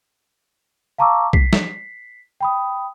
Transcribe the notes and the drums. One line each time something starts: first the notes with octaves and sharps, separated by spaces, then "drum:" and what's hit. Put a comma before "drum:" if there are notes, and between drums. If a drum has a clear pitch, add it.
F5 A5 A#5 C#6 D6 E6
B6 C7, drum: kick B1
drum: snare
G5 B5 D#6